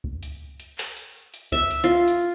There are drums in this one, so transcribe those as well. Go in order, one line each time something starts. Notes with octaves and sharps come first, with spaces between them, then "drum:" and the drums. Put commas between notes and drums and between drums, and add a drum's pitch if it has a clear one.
drum: kick C#2
drum: hi-hat
drum: hi-hat
drum: clap
drum: hi-hat
drum: hi-hat
E5, drum: kick C#2
drum: hi-hat
F4
drum: hi-hat